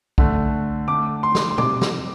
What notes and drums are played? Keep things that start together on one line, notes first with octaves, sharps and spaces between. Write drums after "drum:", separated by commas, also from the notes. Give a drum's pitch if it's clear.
D3 A3, drum: kick B1
D3 A3 D6
C6
drum: snare
C6
C3 G3 D6, drum: tom A#2
drum: snare